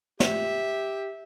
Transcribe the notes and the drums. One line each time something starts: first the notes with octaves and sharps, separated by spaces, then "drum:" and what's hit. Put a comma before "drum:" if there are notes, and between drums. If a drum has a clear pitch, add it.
G4 E5, drum: snare